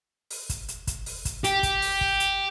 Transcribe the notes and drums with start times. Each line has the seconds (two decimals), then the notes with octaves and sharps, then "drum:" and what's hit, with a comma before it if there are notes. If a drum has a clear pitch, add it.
0.31 drum: open hi-hat
0.49 drum: kick, hi-hat
0.68 drum: hi-hat
0.87 drum: kick, hi-hat
1.06 drum: open hi-hat
1.25 drum: kick, hi-hat
1.44 G4, drum: hi-hat
1.63 drum: kick, hi-hat
1.82 drum: open hi-hat
2.01 drum: kick
2.20 drum: hi-hat